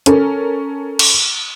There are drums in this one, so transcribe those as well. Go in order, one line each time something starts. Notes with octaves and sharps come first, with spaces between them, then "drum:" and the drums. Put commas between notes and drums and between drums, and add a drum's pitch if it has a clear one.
C#4 A4 A#4, drum: hi-hat
drum: cymbal